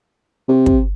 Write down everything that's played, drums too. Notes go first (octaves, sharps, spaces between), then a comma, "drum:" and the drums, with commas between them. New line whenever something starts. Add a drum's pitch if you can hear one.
C3
drum: kick